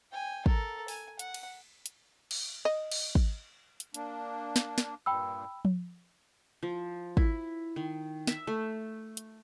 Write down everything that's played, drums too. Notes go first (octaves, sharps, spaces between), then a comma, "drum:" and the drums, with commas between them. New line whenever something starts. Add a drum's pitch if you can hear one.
G5 G#5
A4 A#4, drum: kick
G#5, drum: open hi-hat
F#5, drum: hi-hat
drum: cymbal
drum: hi-hat
drum: cymbal
D#5
drum: cymbal
drum: kick
drum: hi-hat
A#3 D4, drum: hi-hat
drum: snare
drum: snare
G2 A#2 G5 B5 E6
drum: tom F3
F3
E4, drum: kick
D#3
E5, drum: snare
A3
drum: hi-hat